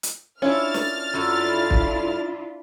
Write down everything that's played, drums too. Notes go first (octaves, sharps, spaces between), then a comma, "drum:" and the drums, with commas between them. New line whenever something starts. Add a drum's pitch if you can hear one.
drum: hi-hat
C#4 D4 E4 F4 F6 A6
drum: snare
F#2 F#3 D4 E4 F4 A4
drum: kick